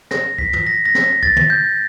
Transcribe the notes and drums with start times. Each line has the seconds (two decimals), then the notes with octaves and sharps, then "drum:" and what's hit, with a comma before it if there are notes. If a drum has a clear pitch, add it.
0.11 A#6, drum: snare
0.38 B6, drum: kick
0.53 drum: tom
0.67 A#6
0.85 A#6
0.95 drum: snare
1.04 A#6
1.23 A6, drum: kick
1.36 drum: tom
1.50 G6